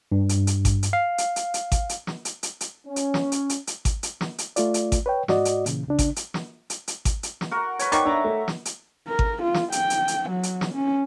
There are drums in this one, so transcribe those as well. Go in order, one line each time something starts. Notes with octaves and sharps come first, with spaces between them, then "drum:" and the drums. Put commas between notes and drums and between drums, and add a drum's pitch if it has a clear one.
G2
drum: hi-hat
drum: hi-hat
drum: kick G#1, hi-hat
drum: hi-hat
F5
drum: hi-hat
drum: hi-hat
drum: hi-hat
drum: kick G#1, hi-hat
drum: hi-hat
drum: snare
drum: hi-hat
drum: hi-hat
drum: hi-hat
C#4
drum: hi-hat
drum: snare
drum: hi-hat
drum: hi-hat
drum: hi-hat
drum: kick G#1, hi-hat
drum: hi-hat
drum: snare
drum: hi-hat
A3 F4 D5, drum: hi-hat
drum: hi-hat
drum: kick G#1, hi-hat
B4 C#5 G5
G#2 F#4 D5 D#5, drum: snare
drum: hi-hat
A#2 C#3 E3, drum: hi-hat
C#2 C#3 D4
drum: kick G#1, hi-hat
drum: hi-hat
drum: snare
drum: hi-hat
drum: hi-hat
drum: kick G#1, hi-hat
drum: hi-hat
drum: snare
F#4 A#4 F#5
B4 C#5, drum: hi-hat
D#3 G3 C#6 D6, drum: hi-hat
D4 E5 A#5 D6
A3
drum: snare
drum: hi-hat
A#4
drum: kick G#1
F4
drum: snare
G5, drum: hi-hat
drum: hi-hat
drum: hi-hat
F#3
drum: hi-hat
drum: snare
C#4